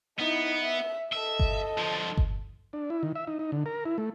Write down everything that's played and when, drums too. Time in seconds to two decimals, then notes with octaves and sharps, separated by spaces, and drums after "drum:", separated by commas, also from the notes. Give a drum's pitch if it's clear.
0.19 B3 D#4 E4
0.61 E5
1.13 A4 D#5 E5
1.39 drum: kick G1
1.77 D3 F3
2.17 drum: kick G1
2.73 D4
2.90 E4
3.03 D#3
3.15 E5
3.27 D#4
3.39 D#4
3.52 D3
3.66 A#4
3.86 E4
3.98 A3